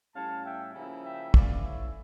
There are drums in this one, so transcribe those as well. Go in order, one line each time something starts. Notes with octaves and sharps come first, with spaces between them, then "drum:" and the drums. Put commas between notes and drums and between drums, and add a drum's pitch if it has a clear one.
A2 G3 C#4 F5 A5
E5 G5
C#3 F3 A#3 E4
E5 G5
E3 A3 C#4 E4 D5 F5, drum: kick
C#5 E5